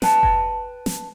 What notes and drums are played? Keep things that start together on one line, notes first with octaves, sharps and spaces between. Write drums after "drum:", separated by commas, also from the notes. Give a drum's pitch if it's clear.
B4 G5 A5, drum: snare
drum: kick F1
drum: snare